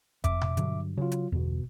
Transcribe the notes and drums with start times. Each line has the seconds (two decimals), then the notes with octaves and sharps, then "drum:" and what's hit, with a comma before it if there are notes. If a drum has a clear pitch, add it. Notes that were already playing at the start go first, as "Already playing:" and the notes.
0.24 F2 E5 D6, drum: kick, hi-hat
0.41 drum: tom B2
0.57 G2 D3 F#3, drum: hi-hat
0.97 C#3 F#3 F4
1.12 drum: hi-hat
1.32 G1 E2 B2